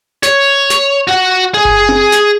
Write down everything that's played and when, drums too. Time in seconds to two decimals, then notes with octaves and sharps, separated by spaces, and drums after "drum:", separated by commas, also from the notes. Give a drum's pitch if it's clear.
0.23 C#5, drum: snare
0.70 drum: snare
1.07 F#4 F#5
1.54 G#4
1.65 drum: kick F#1
1.89 drum: tom C4
2.12 drum: snare